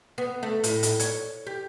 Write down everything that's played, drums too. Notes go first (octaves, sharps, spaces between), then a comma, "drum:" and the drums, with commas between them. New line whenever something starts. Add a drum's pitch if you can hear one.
B3
A3
A2, drum: hi-hat
drum: hi-hat
C#5, drum: hi-hat
G4